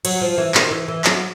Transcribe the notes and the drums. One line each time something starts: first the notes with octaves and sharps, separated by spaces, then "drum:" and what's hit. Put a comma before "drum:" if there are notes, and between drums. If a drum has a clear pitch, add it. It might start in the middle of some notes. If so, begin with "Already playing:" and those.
F#3, drum: cymbal
F3
E3
D#3, drum: clap
E3
E3
F#3, drum: clap